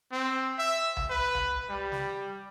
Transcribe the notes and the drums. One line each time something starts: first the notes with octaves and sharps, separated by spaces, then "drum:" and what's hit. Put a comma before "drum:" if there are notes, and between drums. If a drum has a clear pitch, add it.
C4
E5
drum: tom C2
B4
drum: tom C2
G3
drum: snare